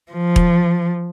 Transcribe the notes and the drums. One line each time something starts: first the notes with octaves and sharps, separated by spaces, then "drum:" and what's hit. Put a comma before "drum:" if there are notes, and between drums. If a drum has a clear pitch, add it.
F3
drum: kick E1